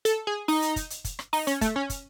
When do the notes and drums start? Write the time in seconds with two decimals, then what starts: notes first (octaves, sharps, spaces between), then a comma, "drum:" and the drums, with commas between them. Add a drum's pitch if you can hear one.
0.05 A4, drum: hi-hat
0.27 G#4
0.48 D#4, drum: open hi-hat
0.62 drum: hi-hat
0.76 drum: kick, hi-hat
0.90 drum: hi-hat
1.05 drum: kick, hi-hat
1.19 drum: rim click
1.33 D#4, drum: open hi-hat
1.47 C#4, drum: hi-hat
1.61 A3, drum: kick, hi-hat
1.76 C#4
1.90 drum: kick, hi-hat